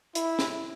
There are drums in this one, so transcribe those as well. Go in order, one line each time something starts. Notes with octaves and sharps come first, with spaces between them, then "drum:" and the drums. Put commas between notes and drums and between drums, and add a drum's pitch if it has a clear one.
E4, drum: hi-hat
drum: snare